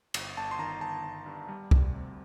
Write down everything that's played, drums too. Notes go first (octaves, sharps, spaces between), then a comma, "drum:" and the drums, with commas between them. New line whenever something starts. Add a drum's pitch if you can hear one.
G1, drum: cymbal
G1 A5
C6
D#3 A#5
G1 A5
G1
G2
G3
D2, drum: kick
C3